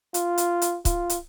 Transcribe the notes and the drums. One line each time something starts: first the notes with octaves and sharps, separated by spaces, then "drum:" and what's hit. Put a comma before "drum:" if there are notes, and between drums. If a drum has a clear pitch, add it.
F4, drum: hi-hat
drum: hi-hat
drum: hi-hat
F4, drum: kick C#1, hi-hat
drum: hi-hat